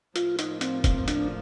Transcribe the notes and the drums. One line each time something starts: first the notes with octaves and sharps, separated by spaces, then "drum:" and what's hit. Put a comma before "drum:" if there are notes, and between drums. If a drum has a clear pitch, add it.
A2 F3 A#3 F4, drum: hi-hat
D#4, drum: hi-hat
C4, drum: hi-hat
C4, drum: kick F1, hi-hat
D4, drum: hi-hat